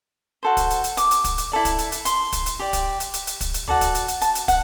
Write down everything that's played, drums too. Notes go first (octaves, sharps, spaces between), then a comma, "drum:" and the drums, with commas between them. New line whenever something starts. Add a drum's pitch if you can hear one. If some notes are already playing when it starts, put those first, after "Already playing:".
F#4 A4 C5
drum: kick, hi-hat
drum: hi-hat
drum: hi-hat
D6, drum: hi-hat
drum: hi-hat
drum: kick, hi-hat
drum: hi-hat
E4 A4 D5
drum: kick, hi-hat
drum: hi-hat
drum: hi-hat
C6, drum: hi-hat
drum: kick, hi-hat
drum: hi-hat
G4 D5
drum: kick, hi-hat
drum: hi-hat
drum: hi-hat
drum: hi-hat
drum: kick, hi-hat
drum: hi-hat
F#4 A4 D5, drum: tom D2
drum: kick, hi-hat
drum: hi-hat
drum: hi-hat
A5, drum: hi-hat
drum: hi-hat
F#5, drum: kick, hi-hat